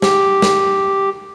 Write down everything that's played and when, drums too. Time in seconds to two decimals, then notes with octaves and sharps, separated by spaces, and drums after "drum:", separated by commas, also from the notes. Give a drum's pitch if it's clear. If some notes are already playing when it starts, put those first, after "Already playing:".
0.02 G4, drum: snare
0.42 drum: snare